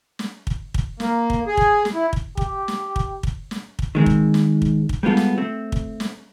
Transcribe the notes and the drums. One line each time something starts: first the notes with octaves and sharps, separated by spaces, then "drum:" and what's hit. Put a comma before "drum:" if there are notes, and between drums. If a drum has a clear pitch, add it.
drum: snare
drum: kick
drum: kick
A#3, drum: snare
drum: kick
G#4
drum: kick
drum: snare
E4
drum: kick
G4, drum: kick
drum: snare
drum: kick
drum: kick
drum: snare
drum: kick
D#3 G#3 C4
drum: kick
drum: snare
drum: kick
drum: kick
G3 G#3 B3 F4 A4
drum: snare
A3 C4
drum: kick
drum: snare